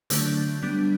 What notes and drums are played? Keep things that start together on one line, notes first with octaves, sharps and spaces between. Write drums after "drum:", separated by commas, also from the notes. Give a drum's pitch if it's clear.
D3 F#3 A3 D4 G6, drum: hi-hat
G3 B3 D4